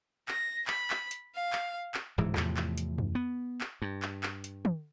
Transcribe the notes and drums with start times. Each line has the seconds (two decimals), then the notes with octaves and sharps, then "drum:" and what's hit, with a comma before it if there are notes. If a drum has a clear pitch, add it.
0.28 A#6, drum: clap
0.68 B5, drum: clap
0.90 drum: clap
1.11 drum: hi-hat
1.35 F5
1.53 drum: clap
1.94 drum: clap
2.18 D1 G#2 E3
2.37 E2 A2 C3 F3, drum: clap
2.57 drum: clap
2.78 drum: hi-hat
2.98 drum: tom
3.15 B3
3.61 drum: clap
3.82 G2
4.02 drum: clap
4.23 drum: clap
4.44 drum: hi-hat
4.65 drum: tom